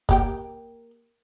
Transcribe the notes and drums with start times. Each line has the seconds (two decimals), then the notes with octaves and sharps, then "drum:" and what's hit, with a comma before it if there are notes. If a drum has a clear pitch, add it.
0.09 A#3 G4 G5, drum: kick